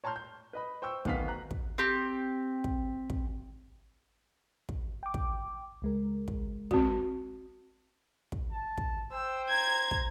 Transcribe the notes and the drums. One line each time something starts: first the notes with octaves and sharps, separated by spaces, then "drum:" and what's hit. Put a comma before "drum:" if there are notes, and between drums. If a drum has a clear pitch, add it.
C#5 A5 A#5 C6 F6 G6
G6
B4 D#5 B5
C5 G5 C#6 E6 G6
D1 D#3 B3 F5 F6 B6, drum: kick
A#5 F#6
drum: kick
C4 G4
drum: kick
drum: kick
drum: kick
G5 D6
drum: kick
C#2 G#3 A#4
drum: kick
C4 F#4, drum: kick
drum: kick
A5
drum: kick
C5 G5 E6
A#5 G#6
drum: kick